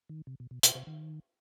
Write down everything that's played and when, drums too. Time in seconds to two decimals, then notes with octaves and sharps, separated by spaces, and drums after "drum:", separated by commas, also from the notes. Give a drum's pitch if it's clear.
0.09 D#3
0.27 C3
0.40 B2
0.51 B2
0.63 B2, drum: hi-hat
0.75 C3
0.87 D#3